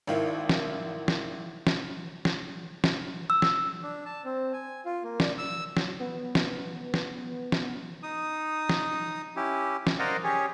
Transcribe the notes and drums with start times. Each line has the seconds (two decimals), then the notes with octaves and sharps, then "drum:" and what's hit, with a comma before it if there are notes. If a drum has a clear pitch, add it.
0.07 G#1 D#3 E4
0.49 drum: snare
1.08 drum: snare
1.67 drum: snare
2.25 drum: snare
2.84 drum: snare
3.30 E6
3.42 drum: snare
3.82 D4
4.06 A5
4.25 C4
4.53 G#5
4.85 F4
5.03 A#3
5.20 D5, drum: snare
5.38 E6
5.77 F#3, drum: snare
5.99 B3
6.35 drum: snare
6.94 drum: snare
7.52 drum: snare
8.03 D#4 D#6
8.69 drum: snare
9.36 C#4 E4 G4
9.87 drum: snare
9.99 A#4 C5 D5 D#5 F5 F#5
10.24 C#4 G4 G#4 C#5